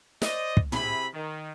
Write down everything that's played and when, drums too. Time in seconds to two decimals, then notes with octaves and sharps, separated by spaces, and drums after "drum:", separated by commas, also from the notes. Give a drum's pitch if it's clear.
0.22 C5 D5 D#5, drum: snare
0.57 drum: kick
0.72 C3 E4 G#4 B5, drum: tom
1.14 D#3